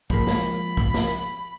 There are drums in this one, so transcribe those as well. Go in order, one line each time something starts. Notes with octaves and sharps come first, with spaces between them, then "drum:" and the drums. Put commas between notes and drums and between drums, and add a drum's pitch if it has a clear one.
F3 G#3 A#3 B5, drum: kick
drum: snare A#4
drum: kick
drum: snare A#4